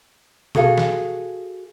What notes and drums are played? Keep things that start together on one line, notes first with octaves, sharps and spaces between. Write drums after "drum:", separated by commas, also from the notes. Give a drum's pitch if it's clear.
F#4 G#4 A4 F5, drum: tom B2
drum: snare